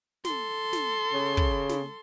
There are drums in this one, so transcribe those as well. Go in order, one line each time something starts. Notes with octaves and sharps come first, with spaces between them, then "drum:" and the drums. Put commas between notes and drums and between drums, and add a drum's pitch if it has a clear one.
A4 C6, drum: snare
drum: snare
C#3
drum: kick
drum: snare